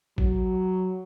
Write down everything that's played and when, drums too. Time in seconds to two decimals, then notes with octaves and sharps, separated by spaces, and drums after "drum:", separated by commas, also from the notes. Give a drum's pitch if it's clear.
0.18 F#3, drum: kick A1